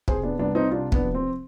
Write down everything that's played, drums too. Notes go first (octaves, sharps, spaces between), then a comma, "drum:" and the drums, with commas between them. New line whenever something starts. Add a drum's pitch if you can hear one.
C3 G#4 C5, drum: kick
B3 D4
C2 B3 D4
C4 D#4
C3 D4 F4
B3 D4, drum: kick
F3
C4